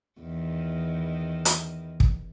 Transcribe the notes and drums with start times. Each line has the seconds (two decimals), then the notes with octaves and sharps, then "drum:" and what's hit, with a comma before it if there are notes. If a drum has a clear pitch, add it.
0.21 E2 D#3
1.45 drum: hi-hat
2.00 drum: kick